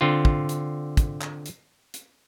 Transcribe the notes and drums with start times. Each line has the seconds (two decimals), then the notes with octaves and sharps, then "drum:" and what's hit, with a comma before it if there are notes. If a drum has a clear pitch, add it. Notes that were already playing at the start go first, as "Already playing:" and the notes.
0.01 D3 C4 F4
0.25 drum: kick
0.49 drum: hi-hat
0.97 drum: kick, hi-hat
1.21 drum: clap
1.46 drum: hi-hat
1.94 drum: hi-hat